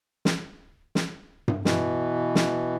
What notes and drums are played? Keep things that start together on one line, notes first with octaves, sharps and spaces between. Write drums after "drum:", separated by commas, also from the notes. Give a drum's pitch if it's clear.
drum: snare
drum: snare
drum: tom G2
B2 E3, drum: snare
drum: snare